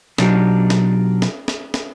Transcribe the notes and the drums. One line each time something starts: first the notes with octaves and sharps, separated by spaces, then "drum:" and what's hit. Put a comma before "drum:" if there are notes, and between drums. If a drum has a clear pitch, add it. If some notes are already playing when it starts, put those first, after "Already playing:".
B2 F#3 D4 D#4 F4 G4, drum: snare
drum: snare
drum: snare
drum: snare
drum: snare